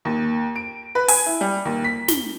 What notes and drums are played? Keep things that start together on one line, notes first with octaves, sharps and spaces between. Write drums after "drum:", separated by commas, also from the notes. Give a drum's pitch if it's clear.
D#2
D7
B4
G#5, drum: open hi-hat
E4
G3
D#2
B6
G7, drum: snare